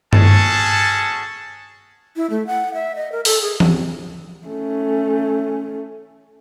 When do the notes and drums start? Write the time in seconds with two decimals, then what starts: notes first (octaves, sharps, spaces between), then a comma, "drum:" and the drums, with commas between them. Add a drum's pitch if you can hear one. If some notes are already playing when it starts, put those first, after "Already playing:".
0.13 C#4 F#4 G#4 A4 A5, drum: tom G2
2.16 E4
2.30 A3
2.47 F#5
2.74 E5
2.96 D#5
3.12 A#4
3.25 A4, drum: open hi-hat
3.42 G#4
3.60 drum: tom E3
4.47 A3 C#4